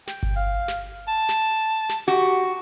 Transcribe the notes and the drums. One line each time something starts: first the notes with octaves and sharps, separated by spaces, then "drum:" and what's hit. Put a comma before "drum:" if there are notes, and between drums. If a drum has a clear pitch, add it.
G5, drum: snare
drum: kick G1
F5
drum: snare
A5
drum: snare
drum: snare
F#4 G4